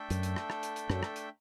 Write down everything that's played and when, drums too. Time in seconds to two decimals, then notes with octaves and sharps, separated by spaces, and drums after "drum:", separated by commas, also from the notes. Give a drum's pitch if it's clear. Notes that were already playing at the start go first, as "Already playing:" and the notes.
Already playing: A3 D4 A4 E5 G5
0.10 F#2, drum: hi-hat
0.23 drum: hi-hat
0.36 drum: rim click
0.50 drum: rim click
0.63 drum: hi-hat
0.76 drum: hi-hat
0.90 F#2, drum: rim click
1.03 drum: rim click
1.16 drum: hi-hat